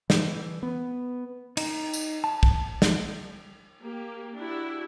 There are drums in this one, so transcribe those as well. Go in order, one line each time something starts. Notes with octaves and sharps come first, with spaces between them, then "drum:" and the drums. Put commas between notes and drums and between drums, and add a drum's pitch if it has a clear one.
E3, drum: snare
B3
D#4, drum: cymbal
drum: tambourine
A5
drum: kick
drum: snare
A#3 G4
D4 E4 F#4 G4